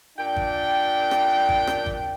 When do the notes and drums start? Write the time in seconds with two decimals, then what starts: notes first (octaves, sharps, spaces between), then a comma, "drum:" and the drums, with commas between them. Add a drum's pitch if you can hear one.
0.18 A#2 D4 G5
0.36 drum: kick G#1
1.11 drum: rim click
1.49 drum: kick G#1
1.67 drum: rim click
1.86 drum: kick G#1